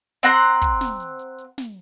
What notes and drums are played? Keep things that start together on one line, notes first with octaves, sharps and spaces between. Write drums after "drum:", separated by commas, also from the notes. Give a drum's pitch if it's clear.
C4 F#5 A#5 C6, drum: hi-hat
drum: hi-hat
drum: kick, hi-hat
drum: snare
drum: hi-hat
drum: hi-hat
drum: hi-hat
drum: snare